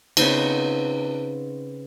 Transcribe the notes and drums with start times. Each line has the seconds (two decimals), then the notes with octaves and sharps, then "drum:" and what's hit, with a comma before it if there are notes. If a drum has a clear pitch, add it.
0.17 C#3 B3 C4 D#4, drum: cymbal